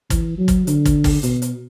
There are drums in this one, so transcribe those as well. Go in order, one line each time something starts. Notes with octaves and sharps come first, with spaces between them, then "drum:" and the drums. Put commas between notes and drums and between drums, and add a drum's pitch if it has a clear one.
E3, drum: kick, hi-hat
F#3
drum: kick, hi-hat
D3, drum: hi-hat
drum: kick, hi-hat
drum: kick, open hi-hat
B2, drum: hi-hat
drum: hi-hat